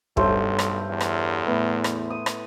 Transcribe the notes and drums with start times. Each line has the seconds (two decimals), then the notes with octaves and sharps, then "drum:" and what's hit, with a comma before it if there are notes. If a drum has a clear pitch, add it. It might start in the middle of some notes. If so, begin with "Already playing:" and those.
0.17 B1 G2 A3 C5 C#5 A5, drum: kick
0.59 drum: rim click
0.90 E2
1.01 drum: rim click
1.47 A2 B3
1.84 drum: rim click
2.10 D#6
2.26 drum: rim click